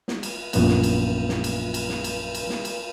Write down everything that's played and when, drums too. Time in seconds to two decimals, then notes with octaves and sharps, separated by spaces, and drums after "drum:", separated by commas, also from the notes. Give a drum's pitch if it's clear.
0.08 drum: snare
0.23 drum: cymbal
0.53 A#1 F#2 A#2 E3 B3 F#5, drum: cymbal
0.68 drum: snare
0.83 drum: cymbal
1.29 drum: snare
1.44 drum: cymbal
1.74 drum: cymbal
1.89 drum: snare
2.04 drum: cymbal
2.35 drum: cymbal
2.50 drum: snare
2.65 drum: cymbal